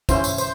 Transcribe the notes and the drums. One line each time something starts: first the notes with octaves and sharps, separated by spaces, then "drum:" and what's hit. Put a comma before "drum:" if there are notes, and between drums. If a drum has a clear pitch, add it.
C#4 E4 C5, drum: kick, tambourine
drum: tambourine
C5, drum: tambourine